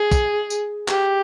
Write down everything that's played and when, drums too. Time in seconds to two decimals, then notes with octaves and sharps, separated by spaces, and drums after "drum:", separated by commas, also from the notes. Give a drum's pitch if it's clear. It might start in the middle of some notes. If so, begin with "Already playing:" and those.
Already playing: G#4
0.12 drum: kick, tambourine
0.50 drum: tambourine
0.88 G4, drum: clap